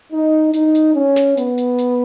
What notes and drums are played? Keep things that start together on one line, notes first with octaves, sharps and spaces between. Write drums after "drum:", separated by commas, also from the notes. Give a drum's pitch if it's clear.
D#4
D#4, drum: hi-hat
drum: hi-hat
C#4
drum: snare
B3, drum: hi-hat
drum: hi-hat
drum: hi-hat